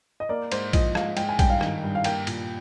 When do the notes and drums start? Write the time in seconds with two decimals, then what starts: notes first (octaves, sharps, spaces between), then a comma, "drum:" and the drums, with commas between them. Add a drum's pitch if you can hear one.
0.20 D#5
0.29 A#3 D5
0.52 G#2 C5, drum: cymbal
0.73 F3 D#5, drum: kick A#1, cymbal
0.95 G#2 F5, drum: rim click
1.17 G#3 G5, drum: cymbal
1.29 G#5
1.39 G2 G5, drum: kick A#1, cymbal
1.50 F5
1.61 D#3, drum: rim click
1.83 G2
1.95 F5
2.04 A#3 G5, drum: cymbal
2.27 A#2, drum: cymbal